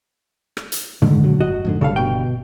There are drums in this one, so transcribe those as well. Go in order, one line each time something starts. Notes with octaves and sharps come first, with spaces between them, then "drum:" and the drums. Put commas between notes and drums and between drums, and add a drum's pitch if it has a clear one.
drum: rim click
drum: hi-hat
G#2 D3 D#3 G#3, drum: tom
D2 A#2 F#3
G1 F#4 D#5
F2 G#2 D3
G1 G2 C#3 A4 F5
B2 G5